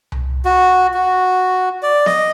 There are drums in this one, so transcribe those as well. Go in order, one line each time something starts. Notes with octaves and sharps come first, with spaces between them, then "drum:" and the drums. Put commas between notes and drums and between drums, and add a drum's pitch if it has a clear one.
drum: tom C2
F#4
F#4
D5
D#5, drum: snare B3